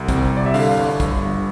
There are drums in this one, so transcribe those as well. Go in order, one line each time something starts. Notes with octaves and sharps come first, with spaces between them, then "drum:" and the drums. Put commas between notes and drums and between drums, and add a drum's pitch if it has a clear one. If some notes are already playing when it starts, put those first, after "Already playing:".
Already playing: C2
C3, drum: kick, hi-hat
C2 D5
E5
D3 F5, drum: open hi-hat
G1
G2, drum: kick, hi-hat
G1